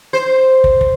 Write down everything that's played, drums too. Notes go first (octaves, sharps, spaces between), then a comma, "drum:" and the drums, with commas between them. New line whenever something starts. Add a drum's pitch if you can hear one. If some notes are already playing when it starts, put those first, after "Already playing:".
C5
drum: kick
drum: kick